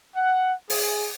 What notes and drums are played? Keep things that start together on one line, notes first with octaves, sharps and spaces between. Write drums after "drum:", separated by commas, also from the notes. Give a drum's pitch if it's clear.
F#5
G#4, drum: open hi-hat